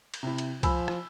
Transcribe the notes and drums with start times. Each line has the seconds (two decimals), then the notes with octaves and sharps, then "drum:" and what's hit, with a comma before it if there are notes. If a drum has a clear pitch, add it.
0.14 drum: cymbal
0.23 C3 E4
0.38 drum: cymbal
0.63 F3 G#5 B5 E6, drum: kick C2, cymbal
0.88 drum: rim click